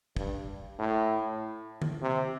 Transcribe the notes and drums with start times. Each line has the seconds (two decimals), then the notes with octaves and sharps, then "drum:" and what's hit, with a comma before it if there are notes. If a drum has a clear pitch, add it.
0.17 G2, drum: kick
0.79 A2
1.82 drum: tom D3
2.02 C3